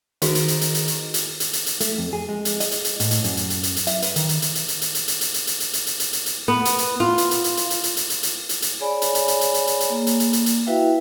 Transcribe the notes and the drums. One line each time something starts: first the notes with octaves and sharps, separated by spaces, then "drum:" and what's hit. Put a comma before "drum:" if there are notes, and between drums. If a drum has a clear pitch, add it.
D#3 F#4 G#4 C5, drum: hi-hat
drum: hi-hat
drum: hi-hat
drum: hi-hat
drum: hi-hat
drum: hi-hat
drum: hi-hat
drum: hi-hat
drum: hi-hat
drum: hi-hat
A3, drum: hi-hat
F2
G#4
G#3
drum: hi-hat
D#5, drum: hi-hat
drum: hi-hat
drum: hi-hat
A2, drum: hi-hat
drum: hi-hat
F#2, drum: hi-hat
drum: hi-hat
drum: hi-hat
drum: hi-hat
drum: hi-hat
E5, drum: hi-hat
B4, drum: hi-hat
D#3, drum: hi-hat
drum: hi-hat
drum: hi-hat
drum: hi-hat
drum: hi-hat
drum: hi-hat
drum: hi-hat
drum: hi-hat
drum: hi-hat
drum: hi-hat
drum: hi-hat
drum: hi-hat
drum: hi-hat
drum: hi-hat
drum: hi-hat
drum: hi-hat
drum: hi-hat
B3
drum: hi-hat
drum: hi-hat
F4
drum: hi-hat
drum: hi-hat
drum: hi-hat
drum: hi-hat
drum: hi-hat
drum: hi-hat
drum: hi-hat
drum: hi-hat
drum: hi-hat
drum: hi-hat
drum: hi-hat
G#4 C#5 D5 G#5 B5
drum: hi-hat
drum: hi-hat
drum: hi-hat
drum: hi-hat
drum: hi-hat
drum: hi-hat
drum: hi-hat
A#3
drum: hi-hat
drum: hi-hat
drum: hi-hat
drum: hi-hat
E4 F#4 B4 E5 F5 G5